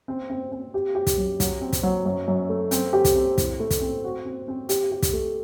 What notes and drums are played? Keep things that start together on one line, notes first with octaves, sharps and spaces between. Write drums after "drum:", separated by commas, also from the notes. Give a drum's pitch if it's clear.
C4
C4
C4
G4
G4
drum: kick, hi-hat
F#2
F#3, drum: kick, hi-hat
C4
drum: kick, hi-hat
F#3
F#2
F#2
A3
C4, drum: hi-hat
G4
drum: kick, hi-hat
C4
A2, drum: kick, hi-hat
A3
drum: kick, hi-hat
C4
F#4
C4
C4
G4, drum: hi-hat
G4
drum: kick, hi-hat
A3